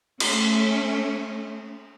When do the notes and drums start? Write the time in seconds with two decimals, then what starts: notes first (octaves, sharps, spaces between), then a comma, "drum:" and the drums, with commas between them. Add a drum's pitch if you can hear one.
0.20 A3 C#4, drum: cymbal